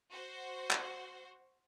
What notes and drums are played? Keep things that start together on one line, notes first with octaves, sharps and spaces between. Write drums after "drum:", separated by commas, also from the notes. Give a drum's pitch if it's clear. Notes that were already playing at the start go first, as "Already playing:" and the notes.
F#4 C5
drum: clap